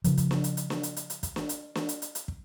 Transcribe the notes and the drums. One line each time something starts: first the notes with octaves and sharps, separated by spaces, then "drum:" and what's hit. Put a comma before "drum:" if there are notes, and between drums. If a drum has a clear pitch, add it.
C#3 F3, drum: hi-hat
drum: kick, hi-hat
drum: snare
drum: hi-hat
drum: hi-hat
drum: snare
drum: hi-hat
drum: hi-hat
drum: hi-hat
drum: kick, hi-hat
drum: snare
drum: hi-hat
drum: snare
drum: hi-hat
drum: hi-hat
drum: hi-hat
drum: kick